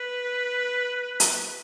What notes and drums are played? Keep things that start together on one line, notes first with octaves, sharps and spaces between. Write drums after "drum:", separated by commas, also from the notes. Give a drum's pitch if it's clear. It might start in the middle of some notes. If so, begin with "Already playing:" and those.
Already playing: B4
drum: hi-hat